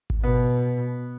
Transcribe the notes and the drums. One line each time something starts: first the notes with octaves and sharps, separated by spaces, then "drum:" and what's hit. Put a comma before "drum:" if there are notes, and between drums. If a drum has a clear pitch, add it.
drum: kick G#1
B2 B3